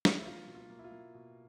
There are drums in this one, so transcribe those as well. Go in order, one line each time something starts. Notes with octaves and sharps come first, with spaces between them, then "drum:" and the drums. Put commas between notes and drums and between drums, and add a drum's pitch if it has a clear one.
drum: snare
E4
A#3 F4
B2
F4
A#3
E4
F4
A#3
B2